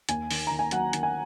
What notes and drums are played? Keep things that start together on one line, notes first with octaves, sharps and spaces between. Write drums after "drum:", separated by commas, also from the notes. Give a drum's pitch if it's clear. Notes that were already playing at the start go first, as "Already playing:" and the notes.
D#2 G#5, drum: hi-hat
D#3, drum: open hi-hat
D#3 A#5
G#5
F#3 F#5, drum: hi-hat
D#3, drum: hi-hat
G#5